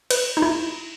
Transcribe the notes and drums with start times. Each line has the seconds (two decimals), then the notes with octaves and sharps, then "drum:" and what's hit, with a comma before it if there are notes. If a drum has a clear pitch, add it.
0.10 B4, drum: cymbal
0.37 D#4
0.42 E4